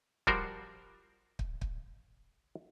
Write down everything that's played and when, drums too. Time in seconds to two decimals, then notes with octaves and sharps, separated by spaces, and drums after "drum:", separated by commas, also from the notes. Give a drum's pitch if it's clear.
0.27 F3 G3 F#4 A#4 C5, drum: kick
1.39 drum: kick
1.61 drum: kick